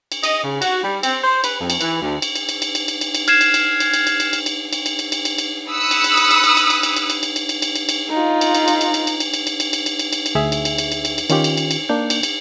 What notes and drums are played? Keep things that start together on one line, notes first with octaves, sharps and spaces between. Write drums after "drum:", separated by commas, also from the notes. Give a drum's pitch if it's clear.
drum: cymbal
D#5, drum: cymbal
C#3
F#4, drum: cymbal
G3
C4, drum: cymbal
C5
B4, drum: cymbal
F2
drum: cymbal
E3, drum: cymbal
D2
drum: cymbal
drum: cymbal
drum: cymbal
drum: cymbal
drum: cymbal
drum: cymbal
drum: cymbal
drum: cymbal
F6 G#6 C7 E7, drum: cymbal
drum: cymbal
drum: cymbal
drum: cymbal
drum: cymbal
drum: cymbal
drum: cymbal
drum: cymbal
drum: cymbal
drum: cymbal
drum: cymbal
drum: cymbal
drum: cymbal
drum: cymbal
drum: cymbal
B5 D#6 E6 F#6 C#7
drum: cymbal
drum: cymbal
drum: cymbal
drum: cymbal
drum: cymbal
drum: cymbal
drum: cymbal
drum: cymbal
drum: cymbal
drum: cymbal
drum: cymbal
drum: cymbal
drum: cymbal
drum: cymbal
drum: cymbal
drum: cymbal
D#4 F4
drum: cymbal
drum: cymbal
drum: cymbal
drum: cymbal
drum: cymbal
drum: cymbal
drum: cymbal
drum: cymbal
drum: cymbal
drum: cymbal
drum: cymbal
drum: cymbal
drum: cymbal
drum: cymbal
drum: cymbal
D2 G#4 E5
drum: cymbal
drum: cymbal
drum: cymbal
drum: cymbal
drum: cymbal
drum: cymbal
D#3 C#4 F4 G4, drum: cymbal
drum: cymbal
drum: cymbal
drum: cymbal
A#3 D4 G6
drum: cymbal
drum: cymbal